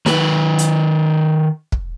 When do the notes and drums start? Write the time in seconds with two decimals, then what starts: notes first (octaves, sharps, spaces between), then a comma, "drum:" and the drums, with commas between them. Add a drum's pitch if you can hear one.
0.06 D#3 B4, drum: snare
0.59 drum: hi-hat
1.72 drum: kick